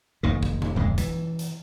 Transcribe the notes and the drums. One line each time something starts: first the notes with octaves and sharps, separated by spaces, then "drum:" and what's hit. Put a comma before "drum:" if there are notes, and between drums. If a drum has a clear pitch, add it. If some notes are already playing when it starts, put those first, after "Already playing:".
F1 D#2 D#3
drum: kick
drum: tom C3
D1 F2 G3 G#3
E3, drum: kick, hi-hat
drum: hi-hat